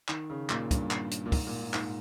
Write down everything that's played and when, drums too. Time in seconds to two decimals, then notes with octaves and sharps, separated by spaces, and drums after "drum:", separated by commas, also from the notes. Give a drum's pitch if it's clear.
0.09 D#3, drum: clap
0.30 C#3
0.50 A#2, drum: clap
0.71 G2, drum: kick, hi-hat
0.91 drum: clap
1.11 drum: hi-hat
1.26 A#2
1.32 G#2, drum: kick, open hi-hat
1.47 A#2
1.62 G#2
1.74 G#2, drum: clap